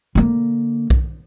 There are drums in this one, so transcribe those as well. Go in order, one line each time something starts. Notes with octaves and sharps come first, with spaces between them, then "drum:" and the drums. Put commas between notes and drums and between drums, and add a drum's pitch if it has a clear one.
D3 A#3
drum: kick B1